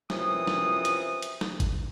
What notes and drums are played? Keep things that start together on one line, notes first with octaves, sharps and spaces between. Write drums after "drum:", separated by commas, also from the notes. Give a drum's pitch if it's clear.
F#2 C3 E3 F3 D#6, drum: snare
drum: snare
drum: hi-hat
drum: hi-hat
drum: snare
drum: kick, hi-hat